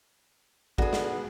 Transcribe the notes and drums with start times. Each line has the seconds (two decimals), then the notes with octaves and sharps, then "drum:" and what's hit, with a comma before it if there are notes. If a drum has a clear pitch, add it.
0.78 D3 B3 F#4 G#4, drum: kick A1
0.93 drum: snare